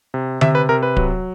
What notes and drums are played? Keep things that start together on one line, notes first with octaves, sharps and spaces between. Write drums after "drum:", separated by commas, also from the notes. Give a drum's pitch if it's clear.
C3
C3 E5, drum: tom D3
B4
C3 A#4
B4
F#3, drum: kick D1